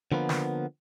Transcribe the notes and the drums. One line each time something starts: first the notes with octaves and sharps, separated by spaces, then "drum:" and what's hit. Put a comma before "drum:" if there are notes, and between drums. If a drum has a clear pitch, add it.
D3 F3 A#3 B3
drum: snare